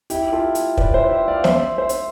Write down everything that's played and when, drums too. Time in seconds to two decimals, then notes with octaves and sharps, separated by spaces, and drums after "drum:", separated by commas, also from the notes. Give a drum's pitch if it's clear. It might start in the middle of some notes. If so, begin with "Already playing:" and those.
0.10 E4 G4, drum: hi-hat
0.32 F4 A4
0.55 drum: hi-hat
0.77 B4 D5, drum: kick
0.94 C5 E5
1.11 E5 G5
1.28 D5 F5
1.44 C5 E5, drum: snare
1.78 C5 E5
1.89 drum: hi-hat